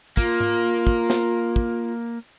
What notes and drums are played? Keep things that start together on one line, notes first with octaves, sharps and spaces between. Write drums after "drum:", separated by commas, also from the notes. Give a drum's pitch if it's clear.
A#3 F4, drum: kick
drum: tom G#2
drum: kick
drum: snare
drum: kick